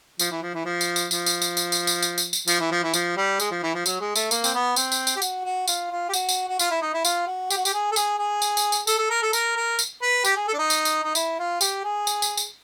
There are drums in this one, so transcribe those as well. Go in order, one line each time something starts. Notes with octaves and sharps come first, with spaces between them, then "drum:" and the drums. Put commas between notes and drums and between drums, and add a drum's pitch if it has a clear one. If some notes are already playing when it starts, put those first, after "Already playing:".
F3, drum: tambourine
E3
F3
E3
F3
drum: tambourine
drum: tambourine
F3, drum: tambourine
drum: tambourine
drum: tambourine
drum: tambourine
drum: tambourine
drum: tambourine
drum: tambourine
drum: tambourine
drum: tambourine
F3, drum: tambourine
E3
F3
E3
F3, drum: tambourine
G3
G#3, drum: tambourine
F3
E3
F3
F#3, drum: tambourine
G#3
A3, drum: tambourine
A#3, drum: tambourine
C4, drum: tambourine
B3
C4, drum: tambourine
drum: tambourine
drum: tambourine
G4
F#4, drum: tambourine
F#4
F4, drum: tambourine
F4
G4
F#4, drum: tambourine
drum: tambourine
F#4
F4, drum: tambourine
E4
D#4
E4
F4, drum: tambourine
F#4
G4, drum: tambourine
F#4
G4, drum: tambourine
G#4
A4
G#4, drum: tambourine
G#4
drum: tambourine
drum: tambourine
drum: tambourine
A4, drum: tambourine
A4
A#4
A4
A#4, drum: tambourine
A#4
drum: tambourine
B4
G4, drum: tambourine
G#4
A4
D4
D#4
drum: tambourine
drum: tambourine
D#4
E4, drum: tambourine
F4
G4, drum: tambourine
G#4
drum: tambourine
drum: tambourine
drum: tambourine